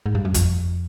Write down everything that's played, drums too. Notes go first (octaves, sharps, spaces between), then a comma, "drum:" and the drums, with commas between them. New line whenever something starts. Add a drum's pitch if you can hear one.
G#2
G2
F#2
F2, drum: kick, hi-hat